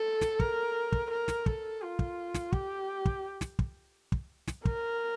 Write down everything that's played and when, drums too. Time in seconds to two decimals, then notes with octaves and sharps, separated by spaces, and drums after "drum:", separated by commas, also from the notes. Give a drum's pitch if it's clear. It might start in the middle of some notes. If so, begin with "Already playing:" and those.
Already playing: A4
0.21 drum: snare
0.40 A#4, drum: kick
0.92 drum: kick
1.11 A#4
1.28 drum: snare
1.46 A4, drum: kick
1.82 F4
1.99 drum: kick
2.34 drum: snare
2.52 G4, drum: kick
3.05 drum: kick
3.41 drum: snare
3.59 drum: kick
4.12 drum: kick
4.48 drum: snare
4.65 A#4, drum: kick